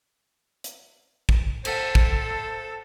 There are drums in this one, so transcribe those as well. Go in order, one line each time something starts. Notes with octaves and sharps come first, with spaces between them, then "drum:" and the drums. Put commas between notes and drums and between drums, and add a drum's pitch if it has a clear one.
drum: hi-hat
drum: kick
A4 C5, drum: cymbal
drum: kick